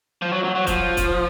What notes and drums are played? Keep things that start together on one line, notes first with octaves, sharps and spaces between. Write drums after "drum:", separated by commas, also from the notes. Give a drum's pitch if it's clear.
F3
F#3
F#3
F#3
F3, drum: kick, hi-hat
drum: kick, hi-hat